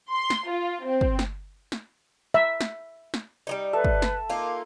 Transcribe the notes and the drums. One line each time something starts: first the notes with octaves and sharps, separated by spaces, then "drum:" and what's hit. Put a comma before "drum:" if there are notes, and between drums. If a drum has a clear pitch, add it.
C6
drum: snare
F4
C4
drum: kick
drum: snare
drum: snare
E5
drum: snare
drum: snare
G3 G#3 D#4
A4 B4 E5
drum: kick
drum: snare
A#3 D#4 F4 D6